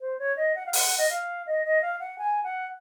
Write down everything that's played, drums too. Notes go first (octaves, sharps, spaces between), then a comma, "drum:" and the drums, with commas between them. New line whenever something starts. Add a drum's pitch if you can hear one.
C5
C#5
D#5
F#5
F5
F#5, drum: open hi-hat
D#5
F5
D#5
D#5
F5
F#5
G#5
F#5